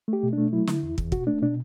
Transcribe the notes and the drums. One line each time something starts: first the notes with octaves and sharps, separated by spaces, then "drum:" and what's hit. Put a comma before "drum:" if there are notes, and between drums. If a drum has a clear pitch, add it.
A3 G4
B2
A3 D4
F#3 E4
D3, drum: snare
E2
E2, drum: kick
B2 F#4, drum: kick
A3 D4
B2 D4